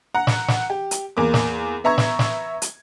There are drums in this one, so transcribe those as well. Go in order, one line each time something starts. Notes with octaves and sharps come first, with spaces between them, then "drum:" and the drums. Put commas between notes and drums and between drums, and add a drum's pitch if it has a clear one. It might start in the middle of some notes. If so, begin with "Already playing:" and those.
F#5 A#5
drum: snare
drum: snare
G4
drum: hi-hat
E2 A#3 D6
drum: snare
B3 E5 A#5 C#6 G#6
drum: snare
drum: snare
drum: hi-hat